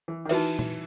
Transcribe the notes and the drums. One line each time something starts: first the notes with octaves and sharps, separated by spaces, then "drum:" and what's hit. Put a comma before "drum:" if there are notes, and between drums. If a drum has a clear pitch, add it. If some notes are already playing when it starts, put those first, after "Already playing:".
E3
D#3
E3 D#4 F#4 B4 E5, drum: cymbal
drum: tom A#2